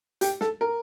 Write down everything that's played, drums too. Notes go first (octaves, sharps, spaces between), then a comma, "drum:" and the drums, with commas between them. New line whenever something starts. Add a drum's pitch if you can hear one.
G4, drum: hi-hat
A4, drum: snare
A#4